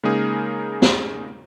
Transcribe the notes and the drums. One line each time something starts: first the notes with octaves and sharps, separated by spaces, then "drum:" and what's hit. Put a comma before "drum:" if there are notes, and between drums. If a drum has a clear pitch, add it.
C#3 G#3 A#3 D#4 G#4 A#4
drum: snare